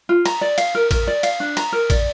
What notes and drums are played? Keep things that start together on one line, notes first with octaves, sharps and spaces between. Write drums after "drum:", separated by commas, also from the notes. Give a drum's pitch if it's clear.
F4
A#5, drum: cymbal
D5
F5, drum: cymbal
A#4
A#4, drum: kick, cymbal
D5
F5, drum: cymbal
D4
A#5, drum: cymbal
A#4
D5, drum: kick, cymbal